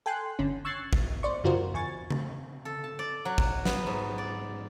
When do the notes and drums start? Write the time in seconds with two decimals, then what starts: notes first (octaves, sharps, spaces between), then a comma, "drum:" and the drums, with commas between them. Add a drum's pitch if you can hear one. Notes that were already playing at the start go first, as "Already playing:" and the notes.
0.06 A4 G5 G#5 C6 F#6
0.39 G1 D3 C#4
0.65 C#6 E6 F#6 G#6 A6 C7
0.93 drum: kick G#1
1.23 C5 D5 C#6
1.44 F#2 C#3 F4 F#4 A#4 C5
1.74 E2 G#5 C#6 A6
2.10 drum: tom C#3
2.65 A4
2.84 A5
2.99 D5
3.25 F#3
3.38 drum: kick G#1
3.65 B3, drum: snare
3.87 G#2
4.18 D5